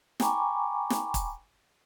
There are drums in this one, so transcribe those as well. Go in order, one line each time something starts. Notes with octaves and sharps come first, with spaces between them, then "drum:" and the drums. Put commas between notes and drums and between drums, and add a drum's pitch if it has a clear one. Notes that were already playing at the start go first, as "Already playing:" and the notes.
G5 G#5 A#5 B5 C#6 D6, drum: snare
drum: snare
drum: kick, hi-hat